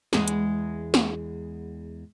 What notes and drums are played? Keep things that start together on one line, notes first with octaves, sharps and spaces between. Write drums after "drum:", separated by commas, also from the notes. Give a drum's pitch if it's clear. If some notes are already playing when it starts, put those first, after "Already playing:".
E2 G#3, drum: snare
drum: hi-hat
drum: snare